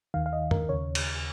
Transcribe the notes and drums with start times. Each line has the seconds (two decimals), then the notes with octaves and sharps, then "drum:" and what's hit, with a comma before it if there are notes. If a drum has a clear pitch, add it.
0.14 D#2 D#3 F5
0.26 F5
0.33 D#5
0.51 A#4, drum: tom F#2
0.69 D#2 C#3 C#5
0.95 drum: cymbal